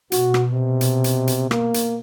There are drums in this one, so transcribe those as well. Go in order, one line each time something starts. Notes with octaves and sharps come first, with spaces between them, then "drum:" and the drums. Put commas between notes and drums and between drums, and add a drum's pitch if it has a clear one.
B2 F#4, drum: hi-hat
drum: rim click
C3
drum: hi-hat
drum: hi-hat
drum: hi-hat
A#3, drum: rim click
drum: hi-hat